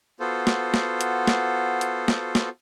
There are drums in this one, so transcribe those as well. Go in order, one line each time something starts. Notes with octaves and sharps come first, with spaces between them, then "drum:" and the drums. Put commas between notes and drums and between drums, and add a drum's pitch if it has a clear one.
B3 F4 F#4 A4 C5
drum: snare
drum: snare
drum: hi-hat
drum: snare
drum: hi-hat
drum: snare
drum: snare